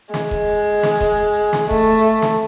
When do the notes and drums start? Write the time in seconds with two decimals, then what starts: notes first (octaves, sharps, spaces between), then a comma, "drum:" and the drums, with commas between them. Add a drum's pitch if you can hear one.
0.14 G#3, drum: snare
0.31 drum: kick E1
0.83 drum: snare
1.01 drum: kick E1
1.53 drum: snare
1.71 A3, drum: kick E1
2.22 drum: snare